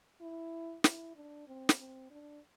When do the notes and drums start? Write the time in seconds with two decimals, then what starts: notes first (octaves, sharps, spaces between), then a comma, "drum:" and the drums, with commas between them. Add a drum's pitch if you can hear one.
0.21 E4
0.84 E4, drum: snare
1.16 D4
1.48 C4
1.69 drum: snare
1.79 C4
2.11 D4